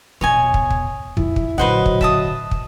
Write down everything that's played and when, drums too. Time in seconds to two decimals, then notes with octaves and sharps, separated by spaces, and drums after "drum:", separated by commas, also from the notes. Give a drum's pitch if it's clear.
0.21 E2 B2 C#5 D#5 G#5
0.54 drum: kick
0.70 drum: kick
1.17 F2 E4, drum: kick
1.36 drum: kick
1.58 A#2 D3 F#3 B4 C5 D#5 F#5
1.86 drum: kick
2.01 E5 A5 D#6, drum: kick
2.51 drum: kick